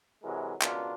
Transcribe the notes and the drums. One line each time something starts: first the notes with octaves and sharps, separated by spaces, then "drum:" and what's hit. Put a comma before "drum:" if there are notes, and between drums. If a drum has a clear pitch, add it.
C3 E3 F#3 G#3 A#4
C#2 B2 D4 F4 A#4, drum: clap